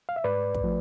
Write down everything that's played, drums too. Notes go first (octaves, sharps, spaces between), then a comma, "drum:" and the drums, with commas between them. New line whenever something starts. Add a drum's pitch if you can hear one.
F5
E5
G#2 B4 D5
drum: kick
F3 A3